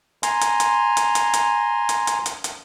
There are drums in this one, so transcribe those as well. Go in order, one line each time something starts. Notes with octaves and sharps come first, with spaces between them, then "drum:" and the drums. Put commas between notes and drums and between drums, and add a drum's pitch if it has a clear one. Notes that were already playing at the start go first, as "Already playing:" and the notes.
G#5 A#5 C6, drum: hi-hat
drum: hi-hat
drum: hi-hat
drum: hi-hat
drum: hi-hat
drum: hi-hat
drum: hi-hat
drum: hi-hat
drum: hi-hat
drum: hi-hat